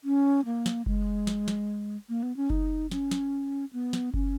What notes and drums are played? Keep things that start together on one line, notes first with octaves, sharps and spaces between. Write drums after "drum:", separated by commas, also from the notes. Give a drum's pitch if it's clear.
C#4
A#3
drum: snare
G#3, drum: kick F#1
drum: snare
drum: snare
A#3
B3
C#4
D#4, drum: kick F#1
C#4, drum: snare
drum: snare
B3
drum: snare
C#4, drum: kick F#1